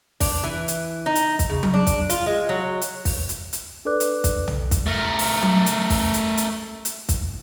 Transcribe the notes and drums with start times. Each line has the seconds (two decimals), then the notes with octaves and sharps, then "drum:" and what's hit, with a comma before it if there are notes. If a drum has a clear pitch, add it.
0.20 D4, drum: kick, open hi-hat
0.43 E3
0.68 drum: hi-hat
1.06 D#4
1.15 drum: hi-hat
1.39 drum: kick, hi-hat
1.50 C#3
1.63 drum: tom F#3
1.74 D4
1.87 drum: kick, hi-hat
2.10 F4, drum: hi-hat
2.26 G#3
2.49 F#3
2.81 drum: hi-hat
3.05 drum: kick, open hi-hat
3.29 drum: hi-hat
3.53 drum: hi-hat
3.85 D4 A4 B4 D5 D6 F#6
4.00 drum: hi-hat
4.24 drum: kick, hi-hat
4.48 drum: tom
4.71 drum: kick, hi-hat
4.87 A3 A#4
5.19 drum: open hi-hat
5.42 drum: tom F#3
5.66 drum: hi-hat
5.90 drum: kick, open hi-hat
6.14 drum: hi-hat
6.37 drum: hi-hat
6.85 drum: hi-hat
7.09 drum: kick, hi-hat